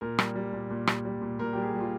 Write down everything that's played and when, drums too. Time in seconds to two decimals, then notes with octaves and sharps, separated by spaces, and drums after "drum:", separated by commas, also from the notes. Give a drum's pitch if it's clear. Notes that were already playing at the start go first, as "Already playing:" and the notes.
0.01 A#2 A#4
0.19 G3, drum: rim click
0.36 G3
0.53 A#2
0.70 A#2
0.87 G3, drum: rim click
1.05 G3
1.22 A#2
1.39 A#2 A#4
1.53 G3 G4
1.62 G#4
1.74 G3
1.80 F4